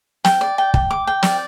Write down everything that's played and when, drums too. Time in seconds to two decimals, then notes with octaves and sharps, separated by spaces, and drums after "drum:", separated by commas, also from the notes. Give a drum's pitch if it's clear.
0.25 G5, drum: snare
0.41 D5
0.58 G5
0.74 G5, drum: kick
0.91 D6
1.07 G5
1.23 D5, drum: snare